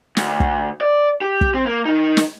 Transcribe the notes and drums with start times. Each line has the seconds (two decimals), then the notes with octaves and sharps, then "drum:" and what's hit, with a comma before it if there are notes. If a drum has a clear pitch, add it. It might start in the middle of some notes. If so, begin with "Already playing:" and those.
0.17 D2, drum: snare
0.40 drum: kick
0.81 D5
1.21 G4
1.41 drum: kick
1.54 C4
1.66 A#3
1.85 D#3 D#4
2.17 drum: snare